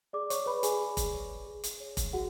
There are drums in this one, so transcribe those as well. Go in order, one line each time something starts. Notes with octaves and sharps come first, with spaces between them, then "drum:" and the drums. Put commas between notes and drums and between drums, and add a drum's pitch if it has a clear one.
G#4 D5 D6
C#5 C#6, drum: hi-hat
B4 C#5 B5
G#4 G#5, drum: hi-hat
G#4
drum: kick F1, hi-hat
C#5
G#4
drum: hi-hat
C#5
drum: kick F1, hi-hat
F#4 G#4 F#5